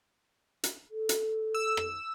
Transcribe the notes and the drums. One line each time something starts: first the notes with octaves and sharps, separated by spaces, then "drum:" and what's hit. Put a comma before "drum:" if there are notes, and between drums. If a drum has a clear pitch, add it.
drum: hi-hat
A4
drum: hi-hat
E6
drum: rim click